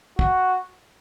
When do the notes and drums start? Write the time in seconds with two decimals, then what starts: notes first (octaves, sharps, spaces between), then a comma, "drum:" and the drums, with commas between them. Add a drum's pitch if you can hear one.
0.19 F#4, drum: kick